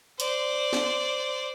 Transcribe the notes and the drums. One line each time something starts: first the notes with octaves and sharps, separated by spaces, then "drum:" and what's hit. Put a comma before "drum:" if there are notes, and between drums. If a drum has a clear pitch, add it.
C5 D5, drum: hi-hat
drum: snare